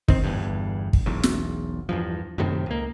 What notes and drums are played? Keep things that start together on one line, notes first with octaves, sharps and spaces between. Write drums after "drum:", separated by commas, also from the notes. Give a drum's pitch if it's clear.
D#3 C4, drum: kick
G1 E2 G2
drum: kick
E1 B1 E2
drum: snare
E2 G2 F3
F#2 A2 C3 D#3
C#2 A#3